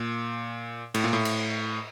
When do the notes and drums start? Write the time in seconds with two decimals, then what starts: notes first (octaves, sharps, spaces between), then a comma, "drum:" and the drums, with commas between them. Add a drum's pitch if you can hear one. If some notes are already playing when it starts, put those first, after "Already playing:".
Already playing: A#2
0.94 A2, drum: cymbal
1.04 A#2
1.13 A2
1.25 drum: cymbal